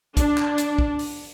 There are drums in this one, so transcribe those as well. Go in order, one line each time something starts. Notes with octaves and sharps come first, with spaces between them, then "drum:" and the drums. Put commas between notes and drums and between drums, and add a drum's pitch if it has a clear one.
D4, drum: kick, hi-hat
drum: clap
drum: hi-hat
drum: kick
drum: open hi-hat